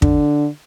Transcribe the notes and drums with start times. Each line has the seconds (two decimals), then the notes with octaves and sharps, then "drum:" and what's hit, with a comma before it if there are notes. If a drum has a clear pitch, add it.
0.02 D3, drum: kick